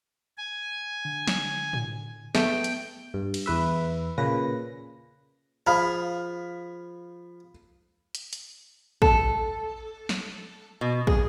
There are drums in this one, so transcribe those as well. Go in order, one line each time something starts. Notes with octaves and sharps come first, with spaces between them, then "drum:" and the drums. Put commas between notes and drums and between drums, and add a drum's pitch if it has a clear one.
G#5
D3
drum: snare
drum: tom A2
A3 B3 G5, drum: snare
drum: hi-hat
G2
drum: cymbal
E2 B4 E5
A#2 C#3 B4 A#6
F3 G#4 F5 B5 F6
drum: hi-hat
drum: hi-hat
A4, drum: kick
drum: snare
B2
G#4, drum: kick